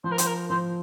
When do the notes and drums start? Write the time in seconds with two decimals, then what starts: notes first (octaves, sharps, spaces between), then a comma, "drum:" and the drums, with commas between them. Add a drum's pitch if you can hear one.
0.04 F3 C5
0.11 A#4
0.18 C5, drum: hi-hat
0.26 A#4
0.50 F3 C5